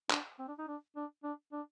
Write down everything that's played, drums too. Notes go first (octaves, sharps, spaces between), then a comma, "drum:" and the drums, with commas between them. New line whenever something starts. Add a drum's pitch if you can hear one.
D4, drum: clap
C4
D4
D#4
D4
D4
D4
D4